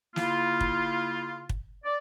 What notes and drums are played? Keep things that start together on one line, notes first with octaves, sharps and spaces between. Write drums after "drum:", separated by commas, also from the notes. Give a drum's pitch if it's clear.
C#3 A#3 E4 F4, drum: snare
drum: kick
drum: kick
D5